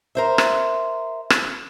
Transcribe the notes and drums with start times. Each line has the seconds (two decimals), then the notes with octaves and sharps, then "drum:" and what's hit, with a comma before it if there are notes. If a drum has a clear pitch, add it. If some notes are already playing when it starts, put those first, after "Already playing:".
0.15 A#4 C5 E5
0.38 drum: rim click
1.30 drum: rim click